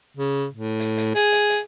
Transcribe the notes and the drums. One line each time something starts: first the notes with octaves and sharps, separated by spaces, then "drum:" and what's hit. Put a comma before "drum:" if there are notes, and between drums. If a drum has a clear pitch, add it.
C#3
A2
drum: hi-hat
drum: hi-hat
G#4, drum: hi-hat
drum: hi-hat
drum: hi-hat